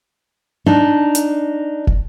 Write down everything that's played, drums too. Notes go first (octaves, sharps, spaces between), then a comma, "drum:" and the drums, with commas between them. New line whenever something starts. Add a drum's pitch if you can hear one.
D4 D#4
drum: hi-hat
drum: kick